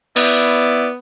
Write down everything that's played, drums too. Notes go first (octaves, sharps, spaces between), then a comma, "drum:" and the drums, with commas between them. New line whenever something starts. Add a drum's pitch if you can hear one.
B3 E4 D5, drum: open hi-hat